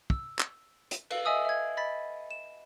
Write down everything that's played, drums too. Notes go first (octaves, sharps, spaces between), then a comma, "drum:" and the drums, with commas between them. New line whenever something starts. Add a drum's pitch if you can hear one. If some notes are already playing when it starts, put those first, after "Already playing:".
E6, drum: kick
drum: clap
drum: hi-hat
B4 F5 E6, drum: cymbal
D#5 E5 G#5 D#6 E6
E5 G#6
D#5 B5 A6 B6
E7